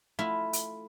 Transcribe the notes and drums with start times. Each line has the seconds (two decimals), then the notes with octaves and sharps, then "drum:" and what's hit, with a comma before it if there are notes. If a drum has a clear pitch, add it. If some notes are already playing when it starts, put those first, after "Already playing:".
0.19 A3 E4 F4
0.53 drum: hi-hat